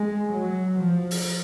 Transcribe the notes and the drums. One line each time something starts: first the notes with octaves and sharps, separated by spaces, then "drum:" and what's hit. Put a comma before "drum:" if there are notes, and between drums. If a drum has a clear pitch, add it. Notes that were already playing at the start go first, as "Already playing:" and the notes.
Already playing: G#3
F#3
F3
drum: open hi-hat